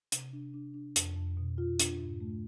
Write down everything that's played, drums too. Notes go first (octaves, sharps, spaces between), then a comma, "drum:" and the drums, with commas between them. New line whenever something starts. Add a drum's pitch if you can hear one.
C3, drum: hi-hat
D4
D4
D4
F2, drum: hi-hat
F2
B2
F4
D4, drum: hi-hat
G#2
A3